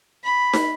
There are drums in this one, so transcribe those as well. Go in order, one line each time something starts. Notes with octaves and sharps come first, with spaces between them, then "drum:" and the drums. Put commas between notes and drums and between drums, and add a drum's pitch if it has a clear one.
B5
drum: snare